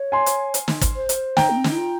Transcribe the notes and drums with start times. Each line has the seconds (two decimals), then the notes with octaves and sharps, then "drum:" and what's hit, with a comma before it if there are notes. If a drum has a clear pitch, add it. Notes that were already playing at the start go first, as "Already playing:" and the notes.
Already playing: C#5
0.12 G#5 C6
0.26 drum: hi-hat
0.54 drum: hi-hat
0.68 drum: snare
0.81 drum: kick, hi-hat
0.95 C5
1.09 drum: hi-hat
1.37 G5 A#5, drum: snare
1.50 A#3
1.56 C4
1.64 C#4, drum: snare
1.71 E4
1.77 F4